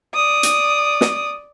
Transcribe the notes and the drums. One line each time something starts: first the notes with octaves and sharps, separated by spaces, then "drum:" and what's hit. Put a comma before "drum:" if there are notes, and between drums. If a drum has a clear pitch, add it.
D5 D#6
drum: hi-hat
drum: snare